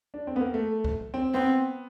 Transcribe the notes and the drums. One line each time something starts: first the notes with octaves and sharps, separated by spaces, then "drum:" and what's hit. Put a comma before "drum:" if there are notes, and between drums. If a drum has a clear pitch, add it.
D4
C4
B3
A#3
A3
drum: kick C2
C4
B3 C4